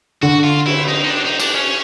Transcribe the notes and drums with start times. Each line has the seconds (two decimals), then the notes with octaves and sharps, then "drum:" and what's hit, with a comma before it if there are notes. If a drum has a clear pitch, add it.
0.23 D3 F#4
0.44 F4
0.66 E4, drum: cymbal
0.88 D#4
1.04 D#4
1.10 D4
1.25 D#4
1.40 D4, drum: cymbal
1.54 C#4